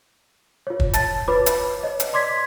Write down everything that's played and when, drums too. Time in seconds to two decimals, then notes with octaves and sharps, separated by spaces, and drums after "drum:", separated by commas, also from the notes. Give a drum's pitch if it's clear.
0.67 F4 C#5
0.80 drum: kick
0.93 A5 A6, drum: hi-hat
1.28 F4 B4 C#5 B5 D6
1.46 drum: hi-hat
1.83 C#5 D#5
2.00 drum: hi-hat
2.13 D5 C6 D6 G#6 B6